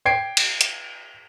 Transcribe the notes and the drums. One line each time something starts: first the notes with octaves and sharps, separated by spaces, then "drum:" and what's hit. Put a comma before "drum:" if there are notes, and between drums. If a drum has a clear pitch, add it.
G5 G#6 C7 D7
drum: cymbal
drum: hi-hat